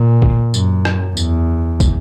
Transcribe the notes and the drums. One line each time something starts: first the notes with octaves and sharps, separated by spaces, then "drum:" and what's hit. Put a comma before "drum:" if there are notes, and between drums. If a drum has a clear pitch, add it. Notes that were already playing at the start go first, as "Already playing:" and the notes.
Already playing: A#2
drum: kick
F#2, drum: tambourine
drum: rim click
E2, drum: tambourine
drum: kick, tambourine